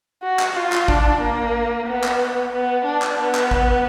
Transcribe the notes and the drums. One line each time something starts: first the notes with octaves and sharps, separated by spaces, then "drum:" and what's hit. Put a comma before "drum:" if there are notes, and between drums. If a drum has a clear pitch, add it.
F#4
drum: clap
F4
drum: clap
D4, drum: kick G#1
A#3
B3
drum: clap
B3
D4
drum: clap
B3
drum: clap
drum: kick G#1